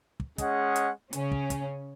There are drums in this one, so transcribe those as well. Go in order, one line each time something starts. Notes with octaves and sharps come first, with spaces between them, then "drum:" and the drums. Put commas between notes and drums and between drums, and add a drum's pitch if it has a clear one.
drum: kick
G#3 C#4 G#4 D#5 F#5, drum: kick, hi-hat
drum: hi-hat
C#3 C#4, drum: hi-hat
drum: kick
drum: kick, hi-hat